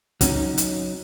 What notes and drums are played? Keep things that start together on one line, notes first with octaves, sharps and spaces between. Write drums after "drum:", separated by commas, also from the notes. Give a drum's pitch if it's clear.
F#3 C#4 D#4, drum: kick, hi-hat
drum: hi-hat